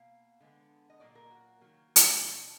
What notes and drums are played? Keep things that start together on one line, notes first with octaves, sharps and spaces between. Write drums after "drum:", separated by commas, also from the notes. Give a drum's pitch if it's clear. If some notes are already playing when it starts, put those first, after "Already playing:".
Already playing: B2 A#3 F5
D3 G#3 B3
D#5
A#2 F#3 A#3 D5
A#4
F#4
D#3 F#3 A#3
drum: hi-hat
D#4
B2 A#3
D4